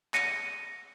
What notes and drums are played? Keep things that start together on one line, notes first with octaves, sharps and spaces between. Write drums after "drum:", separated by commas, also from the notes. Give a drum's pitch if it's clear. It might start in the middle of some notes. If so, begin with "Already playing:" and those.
A#6 C#7 D#7, drum: clap